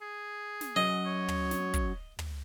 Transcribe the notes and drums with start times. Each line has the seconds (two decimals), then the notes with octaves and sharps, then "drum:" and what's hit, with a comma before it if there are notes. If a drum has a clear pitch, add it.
0.02 G#4
0.61 drum: snare
0.76 F#2 F#3 D#5
1.06 C#5
1.28 drum: tom
1.51 drum: snare
1.74 drum: kick, hi-hat
2.19 drum: tom